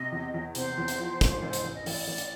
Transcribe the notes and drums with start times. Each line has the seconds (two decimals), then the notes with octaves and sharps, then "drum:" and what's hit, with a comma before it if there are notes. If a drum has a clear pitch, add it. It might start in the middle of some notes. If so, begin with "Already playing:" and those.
Already playing: C3 D#5
0.12 E2
0.34 E2
0.55 C3 C5, drum: hi-hat
0.78 E2
0.88 drum: hi-hat
0.98 F3
1.21 G#2, drum: kick, hi-hat
1.42 A1
1.53 drum: hi-hat
1.64 A1
1.75 D#5
1.86 A1 D5, drum: open hi-hat
2.07 A1
2.18 drum: hi-hat